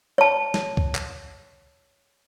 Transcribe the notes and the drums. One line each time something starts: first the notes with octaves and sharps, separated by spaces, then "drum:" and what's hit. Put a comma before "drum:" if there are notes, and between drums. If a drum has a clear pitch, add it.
C#5 A5
drum: snare
drum: kick C2
drum: clap